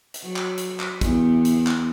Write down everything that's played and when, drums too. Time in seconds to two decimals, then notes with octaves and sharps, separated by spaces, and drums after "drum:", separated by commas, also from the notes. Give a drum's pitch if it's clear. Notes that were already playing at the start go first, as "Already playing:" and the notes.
0.14 drum: hi-hat
0.24 F#3
0.36 drum: clap
0.58 drum: hi-hat
0.80 drum: clap
1.01 E2, drum: kick, hi-hat
1.45 drum: hi-hat
1.67 drum: clap